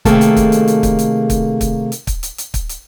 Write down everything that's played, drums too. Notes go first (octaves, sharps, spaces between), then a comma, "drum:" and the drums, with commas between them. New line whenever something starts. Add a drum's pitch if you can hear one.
C3 D#3 A3 A#3 G#4 A4, drum: kick, hi-hat
drum: hi-hat
drum: kick, hi-hat
drum: hi-hat
drum: hi-hat
drum: kick, hi-hat
drum: hi-hat
drum: kick, hi-hat
drum: kick, hi-hat
drum: hi-hat
drum: kick, hi-hat
drum: hi-hat
drum: hi-hat
drum: kick, hi-hat
drum: hi-hat